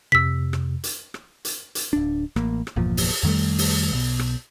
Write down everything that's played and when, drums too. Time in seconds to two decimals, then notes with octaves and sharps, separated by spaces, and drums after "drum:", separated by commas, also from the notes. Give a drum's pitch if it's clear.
0.12 F2 C3 E6 B6
0.53 drum: rim click
0.84 drum: hi-hat
1.14 drum: rim click
1.45 drum: hi-hat
1.75 drum: hi-hat
1.93 D1 D4
2.36 A1 A#3, drum: rim click
2.67 drum: rim click
2.76 G1 E2 A#2 F3
2.97 drum: open hi-hat
3.23 F2 D#3 G3 A3
3.58 drum: open hi-hat
3.92 B1 B2
4.19 drum: rim click